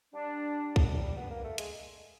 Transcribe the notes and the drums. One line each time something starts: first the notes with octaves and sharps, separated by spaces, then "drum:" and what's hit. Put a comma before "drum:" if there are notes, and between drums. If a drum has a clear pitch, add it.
G3 D4
drum: kick B1
B3
A#3
A3
G#3, drum: hi-hat